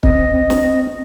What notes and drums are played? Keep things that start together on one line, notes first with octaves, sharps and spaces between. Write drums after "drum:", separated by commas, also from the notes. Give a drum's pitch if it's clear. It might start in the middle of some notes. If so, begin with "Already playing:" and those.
C4 D#5, drum: kick
drum: snare